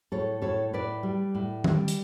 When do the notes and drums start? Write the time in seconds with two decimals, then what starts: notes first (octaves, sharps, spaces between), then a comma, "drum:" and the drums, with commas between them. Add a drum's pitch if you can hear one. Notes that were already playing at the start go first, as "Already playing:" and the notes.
0.12 A2 A4 C#5
0.42 A2 A4 C#5
0.73 A2 B4 D5
1.03 G3
1.35 A2
1.64 G3, drum: tom D#3
1.88 drum: hi-hat